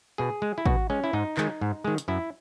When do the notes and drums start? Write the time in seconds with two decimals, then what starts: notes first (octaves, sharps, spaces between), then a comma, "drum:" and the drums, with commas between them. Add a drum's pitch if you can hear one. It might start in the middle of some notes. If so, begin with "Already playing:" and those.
0.18 B2 G#4
0.42 G#3
0.58 E4
0.66 B2 F#4, drum: kick
0.90 G#3 C#4
1.04 E4
1.13 G#2 D#4
1.37 D#3 G#3, drum: clap
1.61 G#2
1.84 D#3 G#3
1.98 drum: hi-hat
2.08 F#2 E4